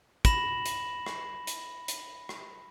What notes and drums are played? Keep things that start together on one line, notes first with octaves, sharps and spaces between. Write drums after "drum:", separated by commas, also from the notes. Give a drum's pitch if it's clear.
B5 A#6 E7 F#7, drum: kick, hi-hat
drum: hi-hat
drum: rim click
drum: hi-hat
drum: hi-hat
drum: rim click